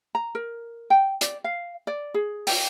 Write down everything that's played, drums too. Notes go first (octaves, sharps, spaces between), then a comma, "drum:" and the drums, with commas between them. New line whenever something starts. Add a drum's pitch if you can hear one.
A#5
A#4
G5
D5, drum: hi-hat
F5
D5
G#4
G5, drum: open hi-hat